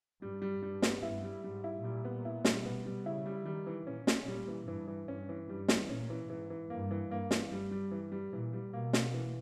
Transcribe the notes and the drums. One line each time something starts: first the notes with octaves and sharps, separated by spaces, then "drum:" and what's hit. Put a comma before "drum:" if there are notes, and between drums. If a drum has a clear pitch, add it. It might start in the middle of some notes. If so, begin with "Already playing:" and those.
G2 G3
G3
G2 G3
B3, drum: snare
G2 E4
G3
G#2 G3
E4
A#2 G3
B3
E4
G3, drum: snare
B2 B3
G3
C#3 E4
G3
D#3 G3
E3
A#2 C#4
C#4, drum: snare
A#2 G3
E3
G2 E3
E3
G2 C#4
E3
G2 G3
E3, drum: snare
A#2 C#4
E3
G#2 E3
E3
G2 A#3
E3
G2 A#3
E3, drum: snare
G2 G3
G3
E3
G3
A#2 E3
G3
B2 A#3
A#3, drum: snare
E3